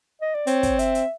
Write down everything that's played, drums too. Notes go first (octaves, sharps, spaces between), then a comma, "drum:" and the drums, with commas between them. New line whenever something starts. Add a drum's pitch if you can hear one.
D#5
D5
C4 C#5, drum: hi-hat
drum: kick, hi-hat
E5, drum: hi-hat
drum: hi-hat